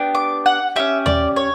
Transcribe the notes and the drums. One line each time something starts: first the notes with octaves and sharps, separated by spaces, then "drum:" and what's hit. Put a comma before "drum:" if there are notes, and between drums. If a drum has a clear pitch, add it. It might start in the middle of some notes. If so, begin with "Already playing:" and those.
Already playing: B3 D4 G4
D6
F#5
C#4 E4 G4 E5
D5, drum: tom D#2
C#5